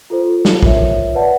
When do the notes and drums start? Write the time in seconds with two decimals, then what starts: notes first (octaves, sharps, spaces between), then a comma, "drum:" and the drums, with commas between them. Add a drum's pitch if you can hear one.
0.10 F4 A4 C5
0.45 drum: snare
0.63 F4 A#4 C#5 E5, drum: kick
1.14 B4 D5 F#5 A5